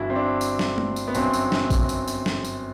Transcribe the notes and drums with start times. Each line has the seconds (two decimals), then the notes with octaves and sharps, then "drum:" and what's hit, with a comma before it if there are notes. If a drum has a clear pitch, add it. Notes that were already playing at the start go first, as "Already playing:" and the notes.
Already playing: G1 G2 E3 E4 F#4
0.10 C4
0.16 D4
0.41 drum: tambourine
0.59 drum: snare
0.78 drum: tom
0.96 drum: tambourine
1.08 B3
1.15 G1 F#2 F#3 C4, drum: tambourine
1.33 drum: tambourine
1.52 drum: snare
1.70 drum: kick A1, tambourine
1.89 drum: tambourine
2.07 drum: tambourine
2.26 drum: snare
2.45 drum: tambourine